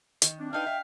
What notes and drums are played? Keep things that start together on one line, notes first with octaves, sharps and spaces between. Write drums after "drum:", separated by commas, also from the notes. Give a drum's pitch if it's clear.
D#3, drum: hi-hat
C4 D4
D4 D#4 B4 F5 G5
E5